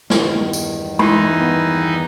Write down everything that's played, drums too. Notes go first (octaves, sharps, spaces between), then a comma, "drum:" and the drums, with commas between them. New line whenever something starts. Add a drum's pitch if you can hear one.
E2 G2 D#3, drum: snare
drum: tambourine
E3 D#4 C6, drum: tom G#3
B3